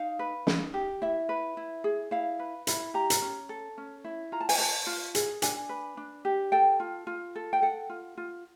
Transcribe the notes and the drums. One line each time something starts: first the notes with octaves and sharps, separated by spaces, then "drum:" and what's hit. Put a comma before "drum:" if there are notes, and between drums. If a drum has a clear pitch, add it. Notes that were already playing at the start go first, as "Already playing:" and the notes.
Already playing: D#4 F5
B4
D#4, drum: snare
G4
E4 E5
B4
E4
G#4
E4 F5
B4
E4 B5, drum: hi-hat
G4 A#5
drum: hi-hat
C#4
A4
C#4
E4
F4 A#5
A5
G#5, drum: open hi-hat
B4 A5
F4
G#4, drum: hi-hat
D4 G#5, drum: hi-hat
B4
D4
G4
A4 G5
F4
F4
A4
G5
A4 F#5
F4
F4